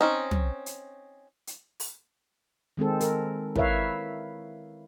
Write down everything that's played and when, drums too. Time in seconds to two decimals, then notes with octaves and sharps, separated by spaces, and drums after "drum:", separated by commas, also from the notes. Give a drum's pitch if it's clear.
0.01 C4 C#4 D#4
0.31 drum: tom
0.66 drum: hi-hat
1.47 drum: hi-hat
1.80 drum: open hi-hat
2.77 D#3 G#3 C4 A4
3.00 A#4, drum: hi-hat
3.56 E4 A#4 B4 C#5 E5 F5, drum: kick